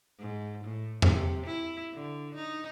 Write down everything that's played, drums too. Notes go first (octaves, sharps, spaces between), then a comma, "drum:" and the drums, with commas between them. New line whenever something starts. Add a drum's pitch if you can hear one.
G#2
A2
C3, drum: tom E2
E4
D3
D#4